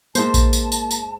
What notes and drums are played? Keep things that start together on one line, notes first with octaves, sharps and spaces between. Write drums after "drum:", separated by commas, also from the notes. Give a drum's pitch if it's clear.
G#2 A#3 C5 A5, drum: tambourine
drum: kick A#1, tambourine
drum: tambourine
drum: tambourine
drum: tambourine